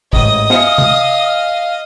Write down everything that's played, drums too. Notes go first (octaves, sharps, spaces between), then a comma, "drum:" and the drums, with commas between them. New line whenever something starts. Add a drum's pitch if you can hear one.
A1 G#2 D#5 D#6 D#7, drum: kick
E5 F5 G#5 C#7, drum: snare
drum: tom C3